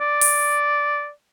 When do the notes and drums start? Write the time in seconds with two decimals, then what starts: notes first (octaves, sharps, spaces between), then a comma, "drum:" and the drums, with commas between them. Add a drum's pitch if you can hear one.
0.01 D5
0.21 drum: open hi-hat